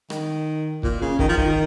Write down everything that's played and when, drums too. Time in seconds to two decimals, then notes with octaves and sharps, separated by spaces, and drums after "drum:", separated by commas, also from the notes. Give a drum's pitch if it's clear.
0.10 D#3, drum: rim click
0.83 A#2, drum: kick
1.01 C#3
1.19 D#3, drum: kick
1.29 F3
1.37 D#3, drum: kick